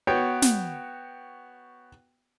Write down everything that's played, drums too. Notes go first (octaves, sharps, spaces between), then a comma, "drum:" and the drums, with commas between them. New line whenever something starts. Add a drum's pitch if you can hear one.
B3 F#4 C#5 G5
drum: snare